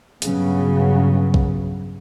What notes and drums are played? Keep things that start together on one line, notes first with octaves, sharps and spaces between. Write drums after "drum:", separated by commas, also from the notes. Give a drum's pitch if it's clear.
G2 C#3 F#3 B3, drum: hi-hat
drum: kick B1